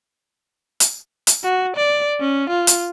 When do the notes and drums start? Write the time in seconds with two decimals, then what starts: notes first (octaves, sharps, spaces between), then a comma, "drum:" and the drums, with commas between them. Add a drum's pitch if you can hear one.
0.80 drum: hi-hat
1.27 drum: hi-hat
1.43 F#4
1.77 D5
2.20 C#4
2.50 F4
2.67 drum: hi-hat